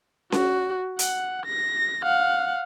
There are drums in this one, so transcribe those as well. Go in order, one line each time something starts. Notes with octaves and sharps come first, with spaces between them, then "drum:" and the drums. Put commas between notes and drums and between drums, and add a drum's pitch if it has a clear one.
F#4, drum: snare C#4
F#5, drum: hi-hat
A#6
F5 F#5